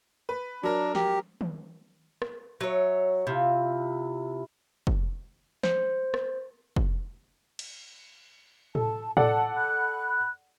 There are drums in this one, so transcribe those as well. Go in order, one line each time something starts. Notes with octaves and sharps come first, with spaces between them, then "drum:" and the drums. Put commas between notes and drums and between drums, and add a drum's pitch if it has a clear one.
B4
F#3 D4 A#4
G4, drum: snare
drum: tom D#3
drum: rim click
F#3 C#5 E5
C3 E4 F4
drum: kick
C5, drum: snare
drum: rim click
drum: kick
drum: cymbal
A4 A5, drum: tom A2
A4 D5 F#5 A5, drum: tom A2
B5 F#6